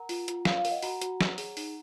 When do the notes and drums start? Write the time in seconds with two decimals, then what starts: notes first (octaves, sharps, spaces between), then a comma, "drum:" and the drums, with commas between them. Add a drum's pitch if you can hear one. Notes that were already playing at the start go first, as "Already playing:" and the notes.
Already playing: A#4 F#5 A#5
0.09 F4, drum: open hi-hat
0.28 F4, drum: hi-hat
0.45 C#5 F5, drum: snare
0.58 F5
0.65 A#4, drum: open hi-hat
0.71 D#5 F#5
0.82 F#4 F#5 A#5, drum: open hi-hat
1.01 F#4, drum: hi-hat
1.21 C#5, drum: snare
1.38 G#4, drum: open hi-hat
1.57 D#4, drum: open hi-hat